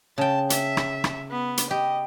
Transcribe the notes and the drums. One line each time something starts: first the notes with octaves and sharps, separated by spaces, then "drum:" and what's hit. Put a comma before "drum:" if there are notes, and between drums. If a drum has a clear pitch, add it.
C#3 G5 A5
E5, drum: hi-hat
drum: rim click
drum: rim click
B3
drum: hi-hat
G4 D#5